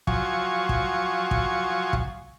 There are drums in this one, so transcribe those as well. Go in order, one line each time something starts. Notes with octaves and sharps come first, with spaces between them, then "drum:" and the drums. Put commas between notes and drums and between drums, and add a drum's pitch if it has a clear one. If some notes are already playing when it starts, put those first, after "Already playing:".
F3 F#3 G#5 C#6, drum: kick
drum: kick
drum: kick
drum: kick